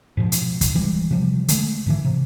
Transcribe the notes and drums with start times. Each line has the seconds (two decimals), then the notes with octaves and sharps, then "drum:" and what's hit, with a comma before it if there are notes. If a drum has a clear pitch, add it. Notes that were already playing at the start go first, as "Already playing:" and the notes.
0.17 G#2 B2 F3
0.32 drum: hi-hat
0.61 drum: kick, hi-hat
0.75 E3 G3 G#3
1.11 C3 F3 G3
1.48 D3 G#3 A3, drum: hi-hat
1.86 G#2 D3 E3
2.04 C3